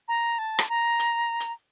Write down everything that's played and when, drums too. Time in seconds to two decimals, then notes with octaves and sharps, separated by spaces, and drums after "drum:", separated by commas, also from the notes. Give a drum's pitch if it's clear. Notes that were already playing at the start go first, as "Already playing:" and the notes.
0.08 A#5
0.39 A5
0.59 drum: rim click
0.69 A#5
0.99 drum: hi-hat
1.40 drum: hi-hat